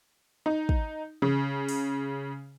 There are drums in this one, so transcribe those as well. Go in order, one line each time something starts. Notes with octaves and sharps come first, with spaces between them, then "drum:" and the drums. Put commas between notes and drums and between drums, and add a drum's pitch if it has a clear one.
D#4
drum: kick
C#3, drum: tom E3
drum: open hi-hat